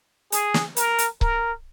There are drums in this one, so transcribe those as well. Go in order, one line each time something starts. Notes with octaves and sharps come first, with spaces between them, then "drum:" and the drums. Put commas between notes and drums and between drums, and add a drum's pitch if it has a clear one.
G#4, drum: hi-hat
drum: snare
A#4, drum: hi-hat
drum: hi-hat
A#4, drum: kick C#1